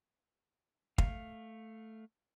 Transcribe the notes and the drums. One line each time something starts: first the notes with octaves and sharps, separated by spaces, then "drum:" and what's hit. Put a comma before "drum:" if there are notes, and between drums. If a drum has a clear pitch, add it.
A3 F5, drum: kick